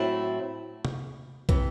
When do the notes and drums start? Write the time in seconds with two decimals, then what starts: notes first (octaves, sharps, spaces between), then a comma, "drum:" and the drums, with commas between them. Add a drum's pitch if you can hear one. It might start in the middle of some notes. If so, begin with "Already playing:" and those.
Already playing: A2 F#3 A3 C4 E4
0.85 drum: tom C3
1.49 C3 E3, drum: kick